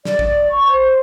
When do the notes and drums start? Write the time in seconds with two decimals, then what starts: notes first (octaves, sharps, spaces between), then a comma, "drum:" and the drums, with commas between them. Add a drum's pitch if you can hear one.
0.05 D5, drum: snare
0.19 drum: kick
0.50 C#6
0.67 C5